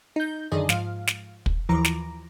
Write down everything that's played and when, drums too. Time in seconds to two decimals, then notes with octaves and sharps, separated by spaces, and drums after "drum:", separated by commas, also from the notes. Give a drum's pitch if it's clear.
0.16 D#4 G6
0.51 F#2 D3 D#3 G#4 D5 D#5
0.69 G#2 F3 F5, drum: snare
1.07 drum: snare
1.46 drum: kick
1.69 D#2 E3 F3 A#5 D6
1.85 drum: snare